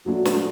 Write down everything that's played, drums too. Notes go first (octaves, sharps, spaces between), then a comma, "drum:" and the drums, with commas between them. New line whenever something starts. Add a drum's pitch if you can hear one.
A#2 F#3 A3 D4
drum: snare